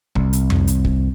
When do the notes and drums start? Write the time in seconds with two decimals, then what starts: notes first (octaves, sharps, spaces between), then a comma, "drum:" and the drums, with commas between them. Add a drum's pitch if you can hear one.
0.15 C2, drum: kick
0.33 drum: hi-hat
0.50 drum: tom F2
0.67 drum: hi-hat
0.85 drum: kick